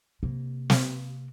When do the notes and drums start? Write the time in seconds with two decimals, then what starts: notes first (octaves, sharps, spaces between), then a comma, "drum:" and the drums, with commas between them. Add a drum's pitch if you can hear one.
0.23 C3 A#3
0.70 drum: snare